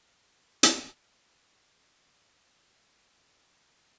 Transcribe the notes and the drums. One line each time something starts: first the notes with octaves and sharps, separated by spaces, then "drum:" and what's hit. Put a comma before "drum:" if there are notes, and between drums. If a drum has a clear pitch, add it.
C4
drum: hi-hat
A3 E4 F5 A6